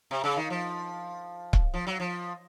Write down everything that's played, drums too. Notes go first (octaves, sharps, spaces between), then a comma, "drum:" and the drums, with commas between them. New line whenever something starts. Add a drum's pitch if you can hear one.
C3
C#3
D#3
F3
drum: kick C#1
F3
F#3
F3